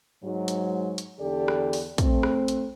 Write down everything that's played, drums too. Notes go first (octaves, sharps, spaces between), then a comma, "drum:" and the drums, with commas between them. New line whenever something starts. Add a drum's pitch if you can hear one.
G#2 F#3
drum: hi-hat
drum: hi-hat
E2 D3 G4 A4 D5
drum: rim click
drum: open hi-hat
A3 C4, drum: kick, hi-hat
drum: rim click
drum: hi-hat